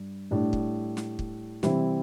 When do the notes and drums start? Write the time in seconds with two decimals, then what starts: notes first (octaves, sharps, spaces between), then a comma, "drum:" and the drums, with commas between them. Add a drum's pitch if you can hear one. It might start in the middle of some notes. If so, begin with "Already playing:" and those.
Already playing: G2
0.31 A2 G3 D4
0.53 drum: kick
0.97 drum: snare
1.19 drum: kick
1.63 C3 E3 G3 C4 E4, drum: snare